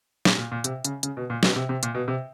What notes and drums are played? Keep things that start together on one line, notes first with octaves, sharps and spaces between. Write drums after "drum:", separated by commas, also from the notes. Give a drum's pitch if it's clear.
A#2, drum: snare
A#2
A#2
C3, drum: hi-hat
C#3, drum: hi-hat
C#3, drum: hi-hat
B2
A#2
B2, drum: snare
C3
C3
A#2, drum: hi-hat
B2
C3